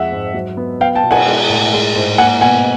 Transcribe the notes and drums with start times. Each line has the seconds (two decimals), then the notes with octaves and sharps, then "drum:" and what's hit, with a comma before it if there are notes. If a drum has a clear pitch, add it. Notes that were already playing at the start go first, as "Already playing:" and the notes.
Already playing: F2 G#3 E5 F#5
0.12 G#2
0.34 F#3
0.57 B3
0.80 B3 F5 G5
0.95 G5 A5
1.03 B2
1.11 F#5 G#5, drum: cymbal
1.26 G#3
1.50 A2
1.73 G#3
1.96 G#2
2.18 A#3 F#5 G#5
2.41 B2 F#5 G#5